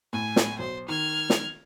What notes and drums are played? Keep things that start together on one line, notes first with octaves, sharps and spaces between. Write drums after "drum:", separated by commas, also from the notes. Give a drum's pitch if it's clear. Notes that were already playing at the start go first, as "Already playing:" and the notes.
A2 G#5
drum: snare
B1 C5
D#3 F6 G#6
drum: snare